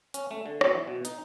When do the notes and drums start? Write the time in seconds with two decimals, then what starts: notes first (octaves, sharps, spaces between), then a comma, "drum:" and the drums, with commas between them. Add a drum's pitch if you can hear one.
0.14 C#4, drum: hi-hat
0.31 A3
0.46 D3
0.61 F#3, drum: rim click
0.75 E3
0.87 B2
1.05 D#4, drum: hi-hat